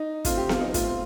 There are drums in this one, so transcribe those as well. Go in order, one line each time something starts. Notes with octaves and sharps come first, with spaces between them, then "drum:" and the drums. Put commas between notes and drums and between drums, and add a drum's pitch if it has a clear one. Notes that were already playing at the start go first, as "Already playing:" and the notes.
Already playing: D#4
D3 A3 C4 F4, drum: kick, hi-hat
G4
F4, drum: snare B3
D#4
A2 A3 C4 F4, drum: kick, hi-hat